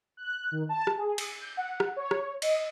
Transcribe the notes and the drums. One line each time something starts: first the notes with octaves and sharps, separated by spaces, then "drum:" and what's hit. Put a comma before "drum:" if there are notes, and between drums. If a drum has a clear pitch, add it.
F#6
D#3
A5
drum: rim click
G#4
drum: cymbal
G6
F#5
drum: rim click
C#5
drum: rim click
D#5, drum: cymbal